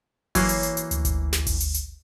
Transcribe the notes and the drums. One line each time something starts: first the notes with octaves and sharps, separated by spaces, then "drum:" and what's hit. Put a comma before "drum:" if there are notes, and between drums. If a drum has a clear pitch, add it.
E3 F#3 A#3 C#5 C7, drum: kick G1, open hi-hat
drum: hi-hat
drum: hi-hat
drum: hi-hat
D2, drum: hi-hat
drum: kick G1, hi-hat
drum: snare
drum: kick G1, open hi-hat
drum: hi-hat
drum: hi-hat